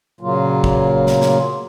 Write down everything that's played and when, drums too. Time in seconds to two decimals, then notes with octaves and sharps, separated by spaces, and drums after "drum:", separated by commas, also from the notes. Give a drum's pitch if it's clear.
0.21 A#2 C#3 F#3 A#3 F4
0.64 drum: kick
1.07 drum: snare
1.21 drum: snare